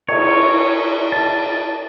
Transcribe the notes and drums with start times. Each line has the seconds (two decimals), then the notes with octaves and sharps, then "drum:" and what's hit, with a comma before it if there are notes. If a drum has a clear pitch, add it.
0.09 C#5, drum: cymbal
1.12 A5